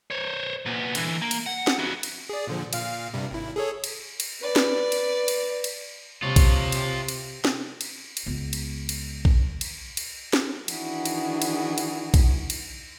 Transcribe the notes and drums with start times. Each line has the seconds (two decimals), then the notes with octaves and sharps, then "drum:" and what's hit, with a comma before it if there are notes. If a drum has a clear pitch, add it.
0.11 C5 C#5
0.66 A#2 B3
0.95 D3 E3, drum: cymbal
1.22 A#3
1.31 drum: cymbal
1.46 F#5
1.67 drum: snare
1.79 E4 F#4
2.03 drum: cymbal
2.29 G#4 D5
2.47 A#2 D3 F3
2.73 A#2 F5 F6, drum: cymbal
3.13 G2 C3 G3
3.31 G#1 E4
3.56 G#4 A4 C#5
3.84 drum: cymbal
4.20 drum: cymbal
4.43 B4 D5
4.56 drum: snare
4.92 drum: cymbal
5.28 drum: cymbal
5.64 drum: cymbal
6.23 C3 F4 C#5
6.36 drum: kick A#1, cymbal
6.72 drum: cymbal
7.08 drum: cymbal
7.45 drum: snare
7.81 drum: cymbal
8.17 drum: cymbal
8.26 C#2 B3
8.53 drum: cymbal
8.89 drum: cymbal
9.25 drum: kick A#1
9.61 drum: cymbal
9.97 drum: cymbal
10.33 drum: snare
10.68 D#3 E3 D4 E4 F#4 G#4, drum: cymbal
11.05 drum: cymbal
11.42 drum: cymbal
11.78 drum: cymbal
12.14 drum: kick A#1, cymbal
12.50 drum: cymbal